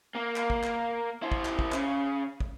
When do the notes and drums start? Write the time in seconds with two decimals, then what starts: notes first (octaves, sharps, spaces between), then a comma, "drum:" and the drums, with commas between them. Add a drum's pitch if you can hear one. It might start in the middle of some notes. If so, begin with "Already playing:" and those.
0.15 A#3
0.36 drum: clap
0.50 drum: kick
0.63 drum: clap
1.22 E4 C5
1.32 drum: kick
1.45 drum: clap
1.59 drum: kick
1.72 C#3, drum: clap
2.40 drum: kick